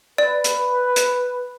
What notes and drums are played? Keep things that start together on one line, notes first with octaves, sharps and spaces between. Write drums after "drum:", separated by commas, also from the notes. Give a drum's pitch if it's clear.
B4 D5
drum: hi-hat
drum: hi-hat